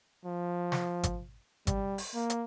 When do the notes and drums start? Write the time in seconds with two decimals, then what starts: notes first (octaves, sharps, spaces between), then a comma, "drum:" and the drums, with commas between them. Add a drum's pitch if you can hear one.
0.25 F3
0.72 drum: snare
1.03 drum: kick G#1, hi-hat
1.67 G3, drum: kick G#1, hi-hat
1.98 drum: open hi-hat
2.14 A#3
2.30 drum: hi-hat